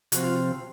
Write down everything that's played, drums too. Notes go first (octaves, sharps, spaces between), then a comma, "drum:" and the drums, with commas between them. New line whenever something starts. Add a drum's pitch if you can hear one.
C3 F3 C4 F#4, drum: hi-hat
F4